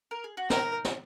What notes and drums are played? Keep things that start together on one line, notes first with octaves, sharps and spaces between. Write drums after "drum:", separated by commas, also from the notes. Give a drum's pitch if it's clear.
A#4
G#4
F#4
D#4 A#4, drum: snare
drum: snare